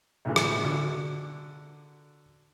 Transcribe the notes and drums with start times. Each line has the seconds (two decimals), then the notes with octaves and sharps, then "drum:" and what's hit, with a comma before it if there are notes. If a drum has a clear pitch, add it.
0.25 B1 A2 D3 E3 G#3
0.36 drum: rim click
0.65 D3 F#3